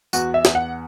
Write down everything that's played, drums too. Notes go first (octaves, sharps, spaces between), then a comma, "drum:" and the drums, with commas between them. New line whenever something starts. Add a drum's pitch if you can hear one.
E2 F#4, drum: tambourine
E5
E2, drum: snare
F#5